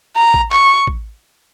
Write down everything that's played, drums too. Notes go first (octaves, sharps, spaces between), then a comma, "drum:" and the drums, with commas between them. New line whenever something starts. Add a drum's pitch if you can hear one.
A#5
drum: kick A1
C#6, drum: clap
drum: kick A1